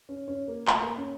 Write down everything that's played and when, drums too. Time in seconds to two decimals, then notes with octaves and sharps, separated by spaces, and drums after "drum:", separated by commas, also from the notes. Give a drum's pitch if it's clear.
0.09 C#4
0.28 C#4
0.48 A#3
0.67 A3, drum: clap
0.82 A#3
0.97 C#4